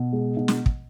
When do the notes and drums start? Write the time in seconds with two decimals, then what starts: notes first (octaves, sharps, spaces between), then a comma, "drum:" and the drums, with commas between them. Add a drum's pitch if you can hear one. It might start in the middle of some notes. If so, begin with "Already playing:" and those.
Already playing: B2
0.13 G#3
0.37 B2
0.48 drum: snare
0.66 drum: kick